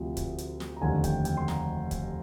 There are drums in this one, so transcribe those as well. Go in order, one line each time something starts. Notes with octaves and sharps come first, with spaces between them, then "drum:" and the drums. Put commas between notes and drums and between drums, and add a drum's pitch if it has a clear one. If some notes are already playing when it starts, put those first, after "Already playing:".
Already playing: D2 C3 F3
drum: kick, hi-hat
drum: hi-hat
drum: snare
A#5
F1 D#2 D3 G#5
G5, drum: kick, hi-hat
G5, drum: hi-hat
C6
A#5, drum: snare
drum: kick, hi-hat